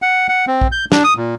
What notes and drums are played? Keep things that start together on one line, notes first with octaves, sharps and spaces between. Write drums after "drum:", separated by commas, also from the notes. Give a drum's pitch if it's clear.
F#5
F#5
C4
drum: kick A#1
G6
D4, drum: snare
D#6
A#2